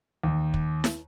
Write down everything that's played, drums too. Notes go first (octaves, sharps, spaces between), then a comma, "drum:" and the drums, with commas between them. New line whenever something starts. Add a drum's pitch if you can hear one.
D#2
drum: kick
drum: snare E4